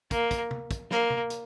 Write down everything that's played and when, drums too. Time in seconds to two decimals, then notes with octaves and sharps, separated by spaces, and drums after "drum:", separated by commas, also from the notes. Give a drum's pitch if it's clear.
0.11 A#3, drum: kick, hi-hat
0.31 drum: kick, hi-hat
0.51 drum: tom
0.71 drum: kick, hi-hat
0.91 A#3, drum: snare
1.10 drum: tom
1.30 drum: hi-hat